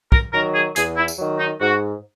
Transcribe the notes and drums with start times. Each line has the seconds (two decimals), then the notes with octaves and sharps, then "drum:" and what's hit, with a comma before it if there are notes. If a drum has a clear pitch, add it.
0.12 A#4, drum: kick B1
0.33 D#3 F#3 A#4
0.54 G#4
0.76 E2 G#4, drum: hi-hat
0.97 E4
1.08 drum: tambourine
1.19 D#3 F#3
1.39 D#4
1.60 G#2 F#4